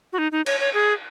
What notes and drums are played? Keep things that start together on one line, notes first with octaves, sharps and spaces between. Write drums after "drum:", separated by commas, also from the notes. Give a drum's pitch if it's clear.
F#4
D#4
D#4
C#5, drum: cymbal
C#5
G#4